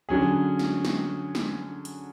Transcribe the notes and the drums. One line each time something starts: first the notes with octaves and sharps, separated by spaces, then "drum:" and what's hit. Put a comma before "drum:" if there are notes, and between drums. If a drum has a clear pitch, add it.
D3 F#3 C#4 G#4
drum: snare
drum: snare
drum: snare
drum: hi-hat